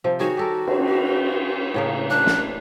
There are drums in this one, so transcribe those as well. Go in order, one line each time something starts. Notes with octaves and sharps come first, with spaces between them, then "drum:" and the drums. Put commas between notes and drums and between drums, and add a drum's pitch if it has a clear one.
C3 F3
D#3 F#4 G#4 C#5
G4 A4 A#4
drum: cymbal
A2 C#3 A#3
D4 F#6
drum: snare